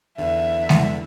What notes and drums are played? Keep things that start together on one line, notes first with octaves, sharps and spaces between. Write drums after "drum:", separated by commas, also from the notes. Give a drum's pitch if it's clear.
E2 D3 E5
drum: snare G#3